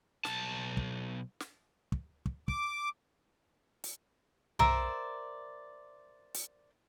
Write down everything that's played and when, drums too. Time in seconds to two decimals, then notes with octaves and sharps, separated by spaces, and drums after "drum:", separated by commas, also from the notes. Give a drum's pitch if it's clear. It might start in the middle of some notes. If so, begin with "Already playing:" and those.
0.25 B1 A5, drum: snare
0.77 drum: kick
1.40 drum: snare
1.92 drum: kick
2.26 drum: kick
2.48 D6, drum: kick
3.84 drum: hi-hat
4.59 A#4 C5 D5 E5, drum: tom B1
6.34 drum: hi-hat